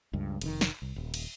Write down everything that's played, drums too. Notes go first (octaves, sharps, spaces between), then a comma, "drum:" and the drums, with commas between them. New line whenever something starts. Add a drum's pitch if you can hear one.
C#2 G2
F1 C3 D#3, drum: cymbal
drum: snare
C2
D#1
drum: cymbal